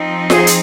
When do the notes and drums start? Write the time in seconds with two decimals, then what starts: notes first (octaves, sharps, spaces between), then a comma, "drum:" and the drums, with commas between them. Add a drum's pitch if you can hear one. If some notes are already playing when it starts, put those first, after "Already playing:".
Already playing: F3 C4 D#4
0.30 G#4 C5, drum: snare F4
0.47 drum: hi-hat